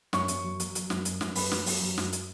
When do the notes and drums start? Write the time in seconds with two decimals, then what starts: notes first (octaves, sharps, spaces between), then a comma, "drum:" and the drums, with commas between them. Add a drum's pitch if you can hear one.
0.13 F#2 C#5 C#6, drum: snare
0.28 F#2, drum: hi-hat
0.44 F#3
0.60 F#3, drum: hi-hat
0.75 F#3, drum: hi-hat
0.90 F#2, drum: snare
1.05 F#2, drum: hi-hat
1.21 F#2, drum: snare
1.35 F#2 B4 B5, drum: open hi-hat
1.51 F#3, drum: snare
1.66 F#2, drum: open hi-hat
1.81 F#3
1.98 F#2, drum: snare
2.13 drum: hi-hat